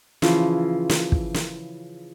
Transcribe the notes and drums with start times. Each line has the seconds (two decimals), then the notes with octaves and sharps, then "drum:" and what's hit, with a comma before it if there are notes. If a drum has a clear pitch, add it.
0.22 C#3 E3 F3 E4, drum: snare
0.89 drum: snare
1.12 drum: kick
1.34 drum: snare